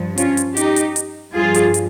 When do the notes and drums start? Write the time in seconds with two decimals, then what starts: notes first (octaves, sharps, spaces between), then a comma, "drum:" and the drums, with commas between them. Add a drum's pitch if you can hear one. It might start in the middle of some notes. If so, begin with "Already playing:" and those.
Already playing: G2 F3
0.18 C#4 F4, drum: hi-hat
0.37 drum: hi-hat
0.57 D#4 G4, drum: hi-hat
0.76 drum: hi-hat
0.96 drum: hi-hat
1.35 G2 F3 F4 G#4
1.54 drum: hi-hat
1.74 drum: hi-hat